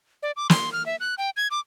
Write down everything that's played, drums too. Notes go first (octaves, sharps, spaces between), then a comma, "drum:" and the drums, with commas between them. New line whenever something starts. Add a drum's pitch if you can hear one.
D5
D6
C6, drum: snare
F6
E5
F#6
G5
G#6
D6